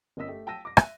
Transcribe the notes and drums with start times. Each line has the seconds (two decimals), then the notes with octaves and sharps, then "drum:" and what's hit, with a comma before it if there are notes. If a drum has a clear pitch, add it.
0.17 G1 A#3 C#4 D#5 E6 B6
0.28 A3 G4
0.47 G5 A5 E6 A#6 D#7
0.65 D6 A#6
0.77 E5 F#6 D#7, drum: rim click